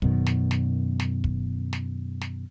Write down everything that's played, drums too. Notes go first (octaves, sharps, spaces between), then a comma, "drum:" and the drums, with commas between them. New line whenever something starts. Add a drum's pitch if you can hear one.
F#2 B2 D#3, drum: kick
drum: snare
drum: snare
drum: snare
drum: kick
drum: snare
drum: snare